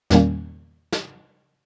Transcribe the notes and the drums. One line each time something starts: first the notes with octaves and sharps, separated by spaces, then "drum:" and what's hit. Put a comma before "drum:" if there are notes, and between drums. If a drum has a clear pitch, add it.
E2 A#2 D#3 G3 A#3 C#4, drum: snare
drum: snare